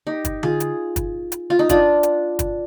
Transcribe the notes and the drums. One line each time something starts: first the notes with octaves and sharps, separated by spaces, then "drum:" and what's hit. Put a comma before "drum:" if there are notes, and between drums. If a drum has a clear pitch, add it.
D#4 G4
drum: kick, hi-hat
F4 G#4, drum: tom D3
drum: hi-hat
drum: kick, hi-hat
drum: hi-hat
F4
D#4
D4 F4, drum: kick, hi-hat
drum: hi-hat
drum: kick, hi-hat